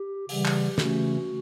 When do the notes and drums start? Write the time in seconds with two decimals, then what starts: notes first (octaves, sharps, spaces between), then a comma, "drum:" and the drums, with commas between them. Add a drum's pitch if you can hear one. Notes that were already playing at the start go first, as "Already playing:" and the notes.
Already playing: G4
0.29 C#3 E3 G3 G4, drum: open hi-hat
0.45 drum: clap
0.78 C#3 E3 A3 C#4 F#4, drum: snare